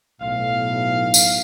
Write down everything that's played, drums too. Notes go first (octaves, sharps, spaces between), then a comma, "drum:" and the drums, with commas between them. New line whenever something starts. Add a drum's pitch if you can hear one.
B1 A2 F5
drum: tambourine